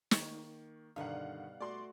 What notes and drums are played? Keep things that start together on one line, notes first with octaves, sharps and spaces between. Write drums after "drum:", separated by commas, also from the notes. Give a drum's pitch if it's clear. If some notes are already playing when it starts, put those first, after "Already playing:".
D#3 A#3 C#6, drum: snare
G2 B2 D3 D#3 G3 D#4 F5 F#5
A3 F#4 D5 C6